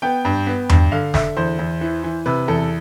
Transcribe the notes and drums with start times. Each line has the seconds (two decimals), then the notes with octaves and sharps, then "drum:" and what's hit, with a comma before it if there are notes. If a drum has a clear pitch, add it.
0.02 B3 G5
0.25 G2
0.47 B3
0.69 G2, drum: tom E2
0.92 D3 F5
1.14 D3 E5, drum: snare
1.37 E2 C5
1.59 E2
1.81 E3
2.04 E3
2.26 C3 B4
2.48 E2 A4